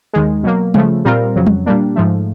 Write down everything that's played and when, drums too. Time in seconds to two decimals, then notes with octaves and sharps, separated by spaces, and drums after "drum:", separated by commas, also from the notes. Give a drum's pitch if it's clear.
0.13 D#2 D#3 G#3
0.43 B2 F#3 A#3
0.74 C#3 F3 A3, drum: tom G3
1.05 A#2 G3 C4 F4 A#4
1.36 F2 C#3 F#3
1.47 drum: tom G3
1.66 A#2 G3 A#3 D4
1.96 G#2 F3 A3